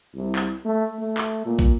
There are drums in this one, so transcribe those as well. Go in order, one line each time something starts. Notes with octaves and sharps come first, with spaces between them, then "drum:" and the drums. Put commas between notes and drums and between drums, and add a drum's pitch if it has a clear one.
C2
drum: clap
A3
A3
drum: clap
A#2
drum: kick